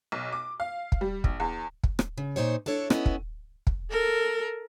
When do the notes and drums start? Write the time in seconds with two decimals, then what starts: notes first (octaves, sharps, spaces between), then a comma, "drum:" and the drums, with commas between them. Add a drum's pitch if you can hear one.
0.12 B1
0.32 D6
0.60 F5
0.92 drum: kick
1.01 G3
1.24 A#1, drum: kick
1.40 E2
1.83 drum: kick
1.99 drum: rim click
2.18 C#3
2.36 A#2 D#4 C5 C#5
2.66 D4 E4 A4 C#5
2.90 B3 C#4 E4 D#5, drum: rim click
3.06 drum: kick
3.67 drum: kick
3.91 A4 A#4